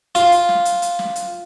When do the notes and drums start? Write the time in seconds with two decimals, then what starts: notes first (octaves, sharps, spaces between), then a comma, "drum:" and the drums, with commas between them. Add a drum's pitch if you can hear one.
0.15 F4, drum: hi-hat
0.32 drum: hi-hat
0.49 drum: snare
0.65 drum: hi-hat
0.82 drum: hi-hat
0.99 drum: snare
1.16 drum: hi-hat